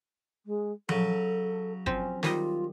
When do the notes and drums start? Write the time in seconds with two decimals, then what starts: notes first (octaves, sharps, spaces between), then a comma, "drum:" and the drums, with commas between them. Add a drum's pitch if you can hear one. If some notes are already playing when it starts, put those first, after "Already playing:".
0.45 G#3
0.89 C#3 F#3 A4, drum: tom F3
1.86 F3 C4 C#4, drum: kick G1
2.23 D#3 G3 F4 D#5, drum: snare